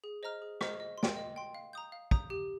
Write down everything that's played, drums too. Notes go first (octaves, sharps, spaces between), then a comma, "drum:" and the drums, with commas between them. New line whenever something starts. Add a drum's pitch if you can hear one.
G#4
C5 D#5 A#5 F6
G#4
C5 D#5 A#5 F6, drum: rim click
D#5
C6
G5, drum: snare
D#5
G5 C6
F5
A#5 D#6 G6
F5
A#5 D#6 G6, drum: kick
G4